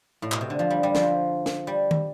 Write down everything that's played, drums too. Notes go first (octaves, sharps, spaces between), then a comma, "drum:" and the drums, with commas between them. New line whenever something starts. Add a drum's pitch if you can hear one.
A2
B2, drum: clap
C3
D3
F3
G3
G3
F3, drum: snare
drum: snare
G3
drum: tom